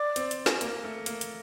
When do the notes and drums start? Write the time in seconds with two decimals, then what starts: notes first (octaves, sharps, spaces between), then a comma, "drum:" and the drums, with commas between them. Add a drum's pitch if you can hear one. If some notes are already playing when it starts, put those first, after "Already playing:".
Already playing: D5
0.16 C4, drum: hi-hat
0.31 drum: hi-hat
0.46 drum: snare
0.61 A#3, drum: hi-hat
0.84 A3
1.06 A#3, drum: hi-hat
1.21 drum: hi-hat